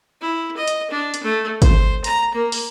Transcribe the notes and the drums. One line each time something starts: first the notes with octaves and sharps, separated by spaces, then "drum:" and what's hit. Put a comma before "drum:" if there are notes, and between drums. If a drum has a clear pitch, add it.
E4
D#5
drum: hi-hat
D4
drum: hi-hat
A3
C5, drum: kick G#1, hi-hat
A#5, drum: hi-hat
A#3
drum: open hi-hat